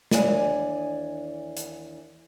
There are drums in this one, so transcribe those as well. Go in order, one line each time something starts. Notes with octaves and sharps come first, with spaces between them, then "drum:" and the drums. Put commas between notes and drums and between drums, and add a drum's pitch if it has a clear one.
D#2 E3 D4 G#5, drum: snare
drum: hi-hat